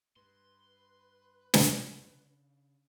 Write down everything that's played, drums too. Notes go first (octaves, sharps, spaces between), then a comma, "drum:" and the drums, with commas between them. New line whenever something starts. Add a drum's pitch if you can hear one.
G2 B4 C6
drum: snare
C#3 D4